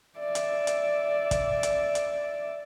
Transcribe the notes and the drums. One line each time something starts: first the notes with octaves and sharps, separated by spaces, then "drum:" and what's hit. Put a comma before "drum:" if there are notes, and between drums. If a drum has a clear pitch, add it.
D5 E5
drum: hi-hat
drum: hi-hat
drum: kick, hi-hat
drum: hi-hat
drum: hi-hat